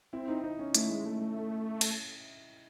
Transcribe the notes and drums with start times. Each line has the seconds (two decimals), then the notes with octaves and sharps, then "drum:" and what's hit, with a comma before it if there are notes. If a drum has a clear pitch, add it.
0.13 C4 E4
0.28 D#4
0.44 D#4
0.59 C#4
0.75 A3 E4, drum: hi-hat
0.90 G#3
1.06 A3
1.21 A3
1.81 drum: cymbal